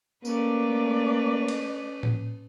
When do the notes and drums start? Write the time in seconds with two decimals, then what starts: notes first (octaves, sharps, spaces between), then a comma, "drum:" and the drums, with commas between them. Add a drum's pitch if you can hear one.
0.25 A3 A#3 C#4 D4 B4 D5, drum: tambourine
1.48 drum: cymbal
2.03 drum: tom A2